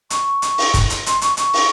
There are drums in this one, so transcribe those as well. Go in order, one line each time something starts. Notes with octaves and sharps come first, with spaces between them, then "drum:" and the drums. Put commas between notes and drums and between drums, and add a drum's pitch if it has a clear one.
C#6, drum: hi-hat
drum: hi-hat
drum: open hi-hat
drum: kick, hi-hat
drum: hi-hat
C6, drum: hi-hat
C#6, drum: hi-hat
C#6, drum: hi-hat
drum: open hi-hat